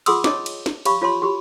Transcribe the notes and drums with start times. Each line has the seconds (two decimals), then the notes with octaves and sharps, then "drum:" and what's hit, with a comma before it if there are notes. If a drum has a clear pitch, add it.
0.06 F4 G#4 F#5 C6 D#6 E6, drum: cymbal
0.24 C#5 D#5 A5 D6, drum: snare
0.46 drum: cymbal
0.66 drum: snare
0.85 G4 C#5 F5 B5 C#6, drum: cymbal
1.02 F4 C#5 A5 C6
1.22 F#4 G4 B5